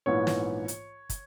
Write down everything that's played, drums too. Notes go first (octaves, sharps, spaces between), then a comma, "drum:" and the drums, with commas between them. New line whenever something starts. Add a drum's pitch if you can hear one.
A#1 G#2 E3 B3 C#5
drum: snare
drum: hi-hat
drum: kick, hi-hat